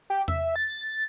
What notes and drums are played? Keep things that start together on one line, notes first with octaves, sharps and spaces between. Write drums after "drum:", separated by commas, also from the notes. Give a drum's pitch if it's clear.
G4
E5, drum: tom E2
A6